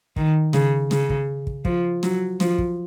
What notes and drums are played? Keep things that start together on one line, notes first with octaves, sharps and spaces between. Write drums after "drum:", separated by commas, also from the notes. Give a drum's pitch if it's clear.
D#3, drum: kick
C#3, drum: snare
C#3, drum: snare
drum: kick
drum: kick
F3, drum: kick
F#3, drum: snare
F3, drum: snare
drum: kick